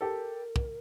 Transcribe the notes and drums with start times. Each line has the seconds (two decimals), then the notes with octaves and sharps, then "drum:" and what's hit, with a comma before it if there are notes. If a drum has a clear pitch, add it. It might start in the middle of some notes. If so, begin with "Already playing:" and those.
0.01 G4 A4 A#4
0.56 drum: kick